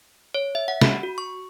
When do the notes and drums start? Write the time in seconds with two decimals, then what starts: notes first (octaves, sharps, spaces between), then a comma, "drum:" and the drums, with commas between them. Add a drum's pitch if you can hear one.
0.34 C#5
0.55 E5
0.68 F#5
0.81 B5, drum: snare
1.03 F#4
1.18 C#6